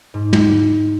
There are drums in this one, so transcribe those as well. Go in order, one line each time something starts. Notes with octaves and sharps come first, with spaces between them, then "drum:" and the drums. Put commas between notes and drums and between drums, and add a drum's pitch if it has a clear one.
G#2
drum: tom